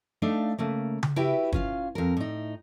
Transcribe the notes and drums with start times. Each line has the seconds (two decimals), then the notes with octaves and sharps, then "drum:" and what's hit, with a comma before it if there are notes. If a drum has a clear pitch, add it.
0.22 A3 D4 D#4 F5
0.58 C#3 A3 A#3
1.03 drum: tom C#3
1.16 E4 F#4 G4 B4 E5 G5
1.52 C#4 F4 F5, drum: kick
1.95 F2 A#4
2.17 A2 D#4